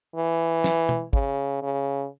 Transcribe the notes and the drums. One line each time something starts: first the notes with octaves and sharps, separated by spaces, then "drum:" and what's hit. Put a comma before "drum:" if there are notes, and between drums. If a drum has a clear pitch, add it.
E3
drum: snare
drum: tom
C#3, drum: kick G#1
C#3